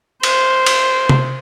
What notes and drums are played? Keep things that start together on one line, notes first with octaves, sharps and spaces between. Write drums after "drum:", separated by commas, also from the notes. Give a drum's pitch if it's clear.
C5, drum: cymbal
drum: cymbal
drum: tom C3